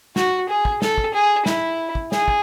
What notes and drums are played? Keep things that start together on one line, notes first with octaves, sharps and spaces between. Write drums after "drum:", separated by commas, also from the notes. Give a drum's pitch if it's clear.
F#4, drum: snare
G#4
drum: kick
A4, drum: snare
drum: kick
G#4
E4, drum: snare
drum: kick
G#4, drum: snare
drum: kick